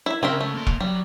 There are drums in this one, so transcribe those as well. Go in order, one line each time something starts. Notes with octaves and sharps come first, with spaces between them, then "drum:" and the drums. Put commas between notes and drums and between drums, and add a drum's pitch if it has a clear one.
E4 E5
C#2 C#3 C4 A#4 E5
A3
A#3 C6
drum: kick E1
F#3 G3